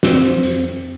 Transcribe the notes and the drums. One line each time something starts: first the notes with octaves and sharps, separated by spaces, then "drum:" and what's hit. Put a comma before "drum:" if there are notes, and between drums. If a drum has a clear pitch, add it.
F2 C4, drum: snare
drum: hi-hat